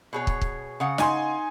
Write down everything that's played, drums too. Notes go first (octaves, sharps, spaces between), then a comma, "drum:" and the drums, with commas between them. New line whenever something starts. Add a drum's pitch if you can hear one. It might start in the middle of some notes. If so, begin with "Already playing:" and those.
B2 G#4 C#5
drum: kick
drum: kick
C#3 F#5
D#4 G#5 C6, drum: snare